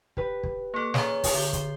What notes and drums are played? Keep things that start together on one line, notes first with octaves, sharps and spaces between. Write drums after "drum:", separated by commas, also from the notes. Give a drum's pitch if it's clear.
G4 B4, drum: kick
drum: kick
A#3 A4 C#6 D6 F#6
C#4 G#4 C#5 D5 E5 A#5, drum: snare
drum: kick, open hi-hat
D3 G6 G7
C6, drum: kick, hi-hat